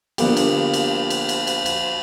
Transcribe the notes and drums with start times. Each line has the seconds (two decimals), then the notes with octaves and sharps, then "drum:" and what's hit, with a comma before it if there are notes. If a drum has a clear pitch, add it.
0.18 D3 F3 A#3 B3 G4, drum: cymbal
0.37 drum: cymbal
0.74 drum: cymbal
1.10 drum: cymbal
1.29 drum: cymbal
1.47 drum: cymbal
1.66 drum: cymbal